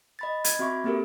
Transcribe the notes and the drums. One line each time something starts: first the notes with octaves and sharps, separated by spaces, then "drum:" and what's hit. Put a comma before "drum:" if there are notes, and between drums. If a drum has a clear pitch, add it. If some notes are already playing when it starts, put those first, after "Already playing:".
D#5 B5 A6
G#6, drum: hi-hat
C4 F#4 E5 B5 C#6 D6
A#3 C4 G4 A4 A#4